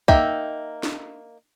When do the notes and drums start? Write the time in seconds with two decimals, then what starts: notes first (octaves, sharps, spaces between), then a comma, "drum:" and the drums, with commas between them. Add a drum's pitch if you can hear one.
0.08 A#3 D#4 E5 G5, drum: kick
0.83 drum: snare